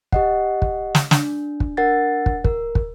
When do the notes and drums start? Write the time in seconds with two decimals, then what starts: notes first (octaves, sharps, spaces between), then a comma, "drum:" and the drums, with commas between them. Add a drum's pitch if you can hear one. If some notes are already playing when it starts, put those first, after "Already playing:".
0.12 G4 D#5 F#5, drum: kick
0.62 drum: kick
0.95 drum: snare
1.11 D4, drum: snare
1.60 drum: kick
1.77 D4 A#4 F#5 A6
2.26 drum: kick
2.44 A#4, drum: kick
2.75 drum: kick